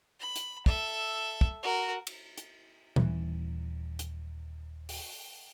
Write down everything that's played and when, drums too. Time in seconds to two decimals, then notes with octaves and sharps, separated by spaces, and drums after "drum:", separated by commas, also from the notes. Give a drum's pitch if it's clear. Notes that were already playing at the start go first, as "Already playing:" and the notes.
0.20 B5
0.36 drum: hi-hat
0.66 A4 E5, drum: kick
1.41 drum: kick
1.63 F#4 A#4
2.07 drum: cymbal
2.38 drum: hi-hat
2.96 D#1 E3, drum: tom A#2
3.99 drum: hi-hat
4.89 drum: open hi-hat